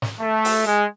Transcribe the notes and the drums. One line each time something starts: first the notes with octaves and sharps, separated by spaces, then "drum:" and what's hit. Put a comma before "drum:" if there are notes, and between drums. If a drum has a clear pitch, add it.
drum: snare
A3
drum: open hi-hat
G#3